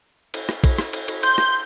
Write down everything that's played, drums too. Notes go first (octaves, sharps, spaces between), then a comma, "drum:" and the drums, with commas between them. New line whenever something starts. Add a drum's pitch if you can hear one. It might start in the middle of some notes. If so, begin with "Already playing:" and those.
drum: cymbal
drum: rim click
drum: kick, cymbal
drum: rim click
drum: cymbal
drum: cymbal
C6 G6, drum: cymbal
drum: rim click